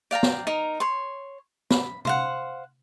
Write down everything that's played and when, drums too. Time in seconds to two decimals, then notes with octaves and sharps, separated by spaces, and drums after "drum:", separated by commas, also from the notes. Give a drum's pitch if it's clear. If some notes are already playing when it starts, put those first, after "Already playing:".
0.11 D5 F5 G5 A#5
0.23 drum: snare
0.47 D#4 A#4
0.80 C#5 C6
1.71 B5, drum: snare
2.05 C5 F5 F#5, drum: tom C3